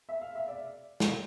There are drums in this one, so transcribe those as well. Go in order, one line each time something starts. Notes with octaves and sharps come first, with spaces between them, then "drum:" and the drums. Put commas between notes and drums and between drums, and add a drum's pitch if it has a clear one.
E5
F5
E5
D5
drum: snare